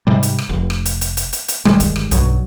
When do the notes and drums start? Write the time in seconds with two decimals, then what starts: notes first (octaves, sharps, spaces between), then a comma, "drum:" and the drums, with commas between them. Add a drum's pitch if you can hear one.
0.07 G#2 C3 G3
0.23 drum: hi-hat
0.38 drum: rim click
0.49 F1
0.70 drum: rim click
0.86 drum: hi-hat
1.01 drum: hi-hat
1.17 drum: hi-hat
1.33 drum: hi-hat
1.48 drum: hi-hat
1.65 G1 D#3 G3 G#3, drum: rim click
1.80 drum: kick, hi-hat
1.96 drum: rim click
2.11 B1 G2 F#3, drum: hi-hat